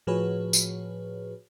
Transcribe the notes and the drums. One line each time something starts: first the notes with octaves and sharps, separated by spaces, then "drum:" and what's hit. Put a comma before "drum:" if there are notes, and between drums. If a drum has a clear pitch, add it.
A2 F3 F#4 G#4 B4 C#5
drum: tambourine